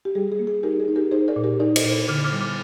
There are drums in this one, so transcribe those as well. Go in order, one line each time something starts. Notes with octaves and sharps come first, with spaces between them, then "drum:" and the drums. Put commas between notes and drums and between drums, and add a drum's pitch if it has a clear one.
G4
G3 G#4
G#4
A#3
G#4
D#4 G4 A#4
G#4
D#4
G4 A#4
D#4 G#4 C5
A#4 D5
A#2
G4 A#4
D#4 A#4 D5
C5 D#5, drum: cymbal
A#2
D3 D6 F6
D6 F6
G3
D6 F6